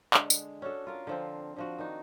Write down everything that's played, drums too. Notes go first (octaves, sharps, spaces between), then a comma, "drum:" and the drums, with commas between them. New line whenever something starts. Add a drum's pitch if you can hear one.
D3 G#3 F#5, drum: clap
drum: tambourine
C#4 D4 F#4 A4
F4 A#4 F5
D3 F3 C4
D3 F3 F#4
D#3 D4 D#4